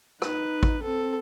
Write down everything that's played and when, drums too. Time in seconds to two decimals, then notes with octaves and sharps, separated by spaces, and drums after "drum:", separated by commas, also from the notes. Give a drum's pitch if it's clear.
0.22 D#4 B4, drum: rim click
0.63 drum: kick A1
0.83 C4 A4